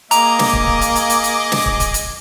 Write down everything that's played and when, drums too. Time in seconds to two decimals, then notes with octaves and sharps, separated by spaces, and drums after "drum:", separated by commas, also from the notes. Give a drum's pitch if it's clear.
0.11 A#3 G#4 D#5 A#5 D6, drum: hi-hat
0.39 drum: snare
0.53 drum: kick
0.67 drum: kick
0.81 drum: hi-hat
0.96 drum: hi-hat
1.10 drum: hi-hat
1.24 drum: hi-hat
1.52 drum: snare
1.66 drum: kick
1.80 drum: kick, hi-hat
1.94 drum: hi-hat